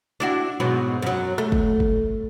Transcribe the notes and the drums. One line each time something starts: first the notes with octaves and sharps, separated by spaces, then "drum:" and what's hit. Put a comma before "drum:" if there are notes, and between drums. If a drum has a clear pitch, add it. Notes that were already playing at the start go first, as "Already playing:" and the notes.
D4 E4 F#4
G#2 B2 F#3
F#2 F#3
A3, drum: rim click
drum: kick
drum: kick